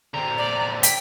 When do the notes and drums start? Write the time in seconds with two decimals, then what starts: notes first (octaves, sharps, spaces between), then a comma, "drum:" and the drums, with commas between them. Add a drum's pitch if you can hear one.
0.14 D3 C4 A#5
0.38 D5
0.83 G5 B6, drum: hi-hat